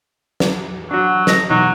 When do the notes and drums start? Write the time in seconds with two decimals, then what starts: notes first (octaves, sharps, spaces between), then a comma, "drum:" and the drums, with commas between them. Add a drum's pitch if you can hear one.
0.40 drum: snare
0.91 F#3 D4 F#4
1.27 A4 D#5, drum: snare
1.50 B2 E3 F#3 D#4